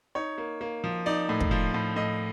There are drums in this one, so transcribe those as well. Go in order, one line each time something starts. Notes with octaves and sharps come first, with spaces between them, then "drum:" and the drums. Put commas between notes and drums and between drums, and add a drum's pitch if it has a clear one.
D#4 C#5
A#3
A#3
F3
D#4 D5
A2
drum: kick
F3
A2
A2 D#5